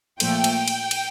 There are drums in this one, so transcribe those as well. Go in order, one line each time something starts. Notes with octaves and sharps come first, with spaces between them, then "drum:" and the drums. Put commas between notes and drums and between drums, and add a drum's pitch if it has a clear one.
A#2 F3 A3 G5, drum: cymbal
drum: cymbal
drum: cymbal
drum: cymbal